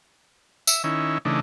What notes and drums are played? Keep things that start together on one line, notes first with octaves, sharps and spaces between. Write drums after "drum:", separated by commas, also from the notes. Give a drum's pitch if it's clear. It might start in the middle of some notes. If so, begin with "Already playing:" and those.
E5, drum: tambourine
D#3 C#4 E4
C#3 E3 A3 D4 D#4